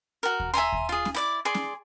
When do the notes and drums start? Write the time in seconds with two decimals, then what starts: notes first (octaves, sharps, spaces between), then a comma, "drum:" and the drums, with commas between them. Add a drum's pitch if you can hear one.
0.23 F#4 A#4
0.40 drum: kick D#2
0.54 E5 G#5 A#5 C6
0.72 drum: kick D#2
0.89 F4 G#4
1.05 drum: snare C#4
1.14 E4 D5 D6
1.45 G#4 D5 C6
1.54 drum: snare C#4